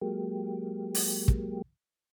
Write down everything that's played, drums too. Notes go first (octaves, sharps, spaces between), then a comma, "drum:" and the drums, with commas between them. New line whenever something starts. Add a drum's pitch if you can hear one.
F#3 G#3 A#3 G4
drum: open hi-hat
drum: kick